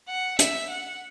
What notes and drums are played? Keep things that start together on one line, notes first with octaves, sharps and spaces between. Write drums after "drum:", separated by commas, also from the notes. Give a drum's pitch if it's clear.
F#5
E5, drum: hi-hat
F#5